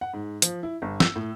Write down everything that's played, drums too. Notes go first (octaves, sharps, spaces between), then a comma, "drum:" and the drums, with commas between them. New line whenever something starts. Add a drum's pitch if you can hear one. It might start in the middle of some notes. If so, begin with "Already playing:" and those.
F#5
G#2
F3, drum: hi-hat
E4
G1
E6, drum: snare
A2